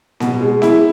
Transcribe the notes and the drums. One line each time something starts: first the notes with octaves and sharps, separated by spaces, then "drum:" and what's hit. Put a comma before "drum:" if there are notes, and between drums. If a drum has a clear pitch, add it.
B2, drum: snare C4
G#3
E4, drum: snare C4